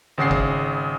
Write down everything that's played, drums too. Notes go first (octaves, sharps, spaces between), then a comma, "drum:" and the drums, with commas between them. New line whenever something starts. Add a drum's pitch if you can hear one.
G#1 C#3 F#5 C7
drum: kick